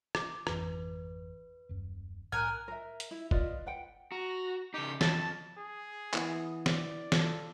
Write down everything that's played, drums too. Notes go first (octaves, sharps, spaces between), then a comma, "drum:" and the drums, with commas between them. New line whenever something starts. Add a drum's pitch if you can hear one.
D6, drum: rim click
G#1 F2 E3 B4, drum: rim click
D#1 F#2
C2 A2 G3 A#4 G#5 F6 F#6
A#4 E5
drum: hi-hat
E4
F4 B4 D5 D#5, drum: kick
B4 F#5 G5
F#4 A#5
C#3 D#4 G4
F2 A5, drum: snare
G#4
E3 B3, drum: clap
D5, drum: snare
F4 A4, drum: snare